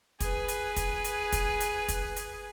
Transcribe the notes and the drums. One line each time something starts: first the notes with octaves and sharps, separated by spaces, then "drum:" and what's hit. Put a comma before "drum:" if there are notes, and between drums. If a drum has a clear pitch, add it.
G#4 B4, drum: kick, hi-hat
drum: hi-hat
drum: kick, hi-hat
drum: hi-hat
drum: kick, hi-hat
drum: hi-hat
drum: kick, hi-hat
drum: hi-hat